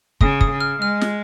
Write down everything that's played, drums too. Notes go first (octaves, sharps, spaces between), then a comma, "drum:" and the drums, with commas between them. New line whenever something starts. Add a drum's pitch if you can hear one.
C#3 D#6, drum: kick
D#6, drum: kick
C#3
F6
G#3 F6
drum: snare